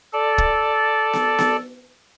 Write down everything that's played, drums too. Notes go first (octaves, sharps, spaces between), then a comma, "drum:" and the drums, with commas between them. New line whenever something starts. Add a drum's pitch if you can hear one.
A4 D5
drum: kick
drum: snare B3
drum: snare B3